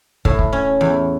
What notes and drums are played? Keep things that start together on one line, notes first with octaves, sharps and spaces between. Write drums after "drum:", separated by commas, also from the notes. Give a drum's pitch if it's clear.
A2, drum: kick
drum: kick
C#4
E2